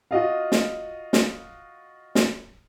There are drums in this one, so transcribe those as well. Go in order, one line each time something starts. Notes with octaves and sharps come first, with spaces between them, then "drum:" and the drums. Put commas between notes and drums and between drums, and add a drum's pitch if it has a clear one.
F4 F#4 D#5 F5
drum: snare
drum: snare
drum: snare